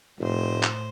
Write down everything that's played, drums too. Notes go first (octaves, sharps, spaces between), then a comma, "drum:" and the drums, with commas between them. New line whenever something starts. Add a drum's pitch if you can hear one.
F1 A2 C5
drum: clap